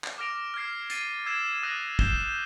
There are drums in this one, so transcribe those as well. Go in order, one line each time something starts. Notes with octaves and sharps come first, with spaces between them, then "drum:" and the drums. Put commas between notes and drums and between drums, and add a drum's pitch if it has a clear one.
drum: clap
D6 F6 A#6 D7 F7
F6 G#6 C7
A6 C7 D#7, drum: hi-hat
E6 G#6 C7 E7
D#6 F#6 A#6 D#7
G6 C7 E7 G7, drum: kick